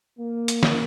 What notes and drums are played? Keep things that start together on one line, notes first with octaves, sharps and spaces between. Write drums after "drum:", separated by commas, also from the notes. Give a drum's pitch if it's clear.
A#3
drum: hi-hat
drum: snare